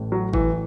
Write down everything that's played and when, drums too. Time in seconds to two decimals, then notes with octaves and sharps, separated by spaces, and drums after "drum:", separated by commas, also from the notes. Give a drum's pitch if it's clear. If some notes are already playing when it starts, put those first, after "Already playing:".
Already playing: A1 A2 A3
0.12 F#3
0.33 E3, drum: kick G1